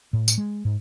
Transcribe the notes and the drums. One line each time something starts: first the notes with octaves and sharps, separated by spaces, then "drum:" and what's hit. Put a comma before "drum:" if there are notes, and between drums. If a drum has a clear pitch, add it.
A2
drum: tambourine
G#3
G#2